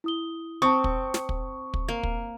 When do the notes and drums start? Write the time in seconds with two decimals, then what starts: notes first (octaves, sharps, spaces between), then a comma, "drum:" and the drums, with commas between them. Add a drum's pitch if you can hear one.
0.04 E4 D#6 G7
0.62 C4 A5 C#6 D#6
0.84 drum: kick
1.14 drum: snare
1.29 drum: kick
1.74 drum: kick
1.88 A#3
2.03 drum: kick